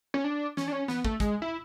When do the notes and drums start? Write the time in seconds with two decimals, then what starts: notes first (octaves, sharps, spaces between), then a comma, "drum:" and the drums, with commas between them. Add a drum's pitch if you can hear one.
0.14 C#4
0.24 D4
0.57 C#4, drum: snare
0.68 D4
0.72 C#4
0.88 B3, drum: snare
1.05 A3, drum: kick
1.20 G#3, drum: kick, hi-hat
1.42 E4